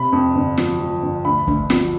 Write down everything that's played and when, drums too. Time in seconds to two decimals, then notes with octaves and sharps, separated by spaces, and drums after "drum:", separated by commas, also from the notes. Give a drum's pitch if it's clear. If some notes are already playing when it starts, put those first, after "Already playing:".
Already playing: C3 B5
0.12 F2
0.35 G1
0.58 F3, drum: snare
0.80 F3
1.03 G1
1.24 D2 B5
1.47 D2, drum: kick
1.70 F3, drum: snare